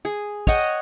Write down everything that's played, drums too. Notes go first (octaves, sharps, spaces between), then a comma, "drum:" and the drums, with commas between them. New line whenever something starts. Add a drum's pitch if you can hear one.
G#4
C#5 D#5 F#5 G5, drum: kick